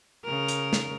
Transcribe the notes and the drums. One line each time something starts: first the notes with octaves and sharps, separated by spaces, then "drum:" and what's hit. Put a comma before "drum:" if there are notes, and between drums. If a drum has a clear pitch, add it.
C#3 A#4
drum: hi-hat
drum: snare